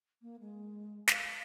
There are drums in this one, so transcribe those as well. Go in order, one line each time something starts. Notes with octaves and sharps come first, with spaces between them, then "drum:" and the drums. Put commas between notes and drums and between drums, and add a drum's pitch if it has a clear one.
A#3
G#3
F5, drum: snare